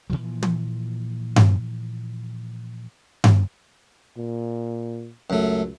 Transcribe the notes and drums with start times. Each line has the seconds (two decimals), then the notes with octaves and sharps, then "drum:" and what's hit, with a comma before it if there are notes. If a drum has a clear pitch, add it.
0.10 A#2 C#3 E3 F3
0.43 drum: tom
1.36 drum: tom G2
3.24 drum: tom G2
4.18 A#2
5.30 C#2 F#2 A3